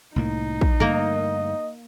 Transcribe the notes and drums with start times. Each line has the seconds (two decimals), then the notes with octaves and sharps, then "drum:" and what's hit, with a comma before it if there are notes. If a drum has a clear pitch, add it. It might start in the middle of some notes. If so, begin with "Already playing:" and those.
0.16 C2 A2 A#3 D#4
0.61 drum: kick
0.80 G2 D3 A3 A#3 A#4 D#5